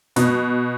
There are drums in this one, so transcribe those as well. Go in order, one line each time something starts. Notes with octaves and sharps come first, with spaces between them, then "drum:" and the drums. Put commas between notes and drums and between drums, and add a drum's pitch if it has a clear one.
B2, drum: snare